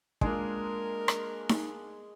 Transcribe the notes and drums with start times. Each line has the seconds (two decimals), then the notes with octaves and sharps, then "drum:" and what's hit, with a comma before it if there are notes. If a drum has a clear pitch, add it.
0.21 G#3 A#3 D4 F4 A#4, drum: kick
1.08 drum: rim click
1.49 drum: snare D#4